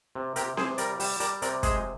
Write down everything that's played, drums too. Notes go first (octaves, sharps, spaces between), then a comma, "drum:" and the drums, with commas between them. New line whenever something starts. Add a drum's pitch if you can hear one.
C3
C3 G4 A#4, drum: hi-hat
C3 G#4 C5, drum: snare C4
G3 A#4 D5, drum: hi-hat
G3, drum: open hi-hat
G3 A#4 D5, drum: hi-hat
C3 A#4 D5, drum: hi-hat
G#3 G#4 C5, drum: kick, hi-hat